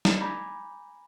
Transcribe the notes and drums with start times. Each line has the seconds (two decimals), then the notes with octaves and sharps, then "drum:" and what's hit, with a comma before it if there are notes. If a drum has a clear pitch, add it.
0.05 drum: snare
0.20 G#5 A#5 B5 D6 G6